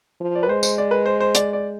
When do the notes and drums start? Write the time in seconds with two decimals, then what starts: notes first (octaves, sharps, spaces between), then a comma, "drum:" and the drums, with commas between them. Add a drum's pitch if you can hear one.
0.20 F3
0.35 D5
0.43 B4
0.49 G#3 C5
0.63 C5, drum: tambourine
0.78 D5
0.91 B4
1.06 C5
1.21 C5
1.35 D5, drum: hi-hat
1.53 D5